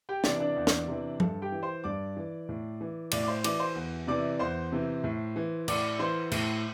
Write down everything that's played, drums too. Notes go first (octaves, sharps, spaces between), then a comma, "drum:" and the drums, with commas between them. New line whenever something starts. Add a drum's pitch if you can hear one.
G4 G5
C3 E3 D4 D5, drum: snare
D4 D5
E2
drum: snare
C3 E3
G2 A4, drum: tom F3
G4 G5
E3
C5 C6
G2 D5 D6
E3
A2
E3
A2 D5 D6, drum: cymbal
D6
C5 C6
E3 D5 D6, drum: cymbal
C5 C6
E2
C3 E3 D5 D6
E2 C5 C6
C3 E3
A2
E3
A2 D5 D6, drum: cymbal
E3 C5 C6
A2, drum: cymbal